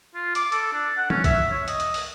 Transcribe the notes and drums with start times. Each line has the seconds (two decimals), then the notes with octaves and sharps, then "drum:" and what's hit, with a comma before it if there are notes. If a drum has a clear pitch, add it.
0.14 F4
0.35 D6, drum: hi-hat
0.52 A4, drum: hi-hat
0.73 D4
0.97 F#5
1.10 C#4, drum: tom
1.24 E5, drum: kick, hi-hat
1.51 C#5
1.68 D#5, drum: hi-hat
1.80 drum: hi-hat
1.94 drum: open hi-hat